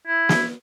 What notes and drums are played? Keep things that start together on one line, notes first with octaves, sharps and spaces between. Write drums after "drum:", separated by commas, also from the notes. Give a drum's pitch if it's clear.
E4
drum: snare